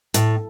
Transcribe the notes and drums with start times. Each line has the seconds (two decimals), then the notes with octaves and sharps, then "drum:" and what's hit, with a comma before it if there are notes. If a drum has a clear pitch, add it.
0.14 A2, drum: hi-hat